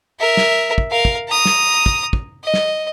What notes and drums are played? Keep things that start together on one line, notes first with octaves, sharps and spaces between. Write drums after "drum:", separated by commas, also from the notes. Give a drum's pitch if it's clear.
A#4 E5
drum: snare
drum: kick
A#4 F5
drum: kick
A#5 D#6
drum: snare
drum: kick
drum: kick
D#5
drum: snare